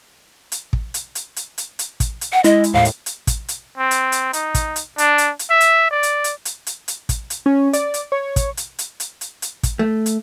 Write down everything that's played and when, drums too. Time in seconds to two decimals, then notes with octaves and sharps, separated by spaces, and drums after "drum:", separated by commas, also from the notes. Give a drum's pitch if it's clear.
0.52 drum: hi-hat
0.73 drum: kick
0.94 drum: hi-hat
1.15 drum: hi-hat
1.36 drum: hi-hat
1.58 drum: hi-hat
1.79 drum: hi-hat
2.00 drum: kick, hi-hat
2.21 drum: hi-hat
2.33 F#5
2.44 G#3 E4 D#5, drum: hi-hat
2.64 drum: hi-hat
2.74 D#2 A2 F5
2.85 drum: hi-hat
3.06 drum: hi-hat
3.27 drum: kick, hi-hat
3.48 drum: hi-hat
3.77 C4
3.91 drum: hi-hat
4.12 drum: hi-hat
4.33 D#4, drum: hi-hat
4.55 drum: kick, hi-hat
4.76 drum: hi-hat
4.98 D4, drum: hi-hat
5.18 drum: hi-hat
5.39 drum: hi-hat
5.50 E5
5.61 drum: hi-hat
5.91 D5
6.03 drum: hi-hat
6.24 drum: hi-hat
6.45 drum: hi-hat
6.67 drum: hi-hat
6.88 drum: hi-hat
7.09 drum: kick, hi-hat
7.30 drum: hi-hat
7.46 C#4
7.73 D5, drum: hi-hat
7.94 drum: hi-hat
8.12 C#5
8.36 drum: kick, hi-hat
8.57 drum: hi-hat
8.79 drum: hi-hat
9.00 drum: hi-hat
9.21 drum: hi-hat
9.42 drum: hi-hat
9.63 drum: kick, hi-hat
9.79 A3
10.06 drum: hi-hat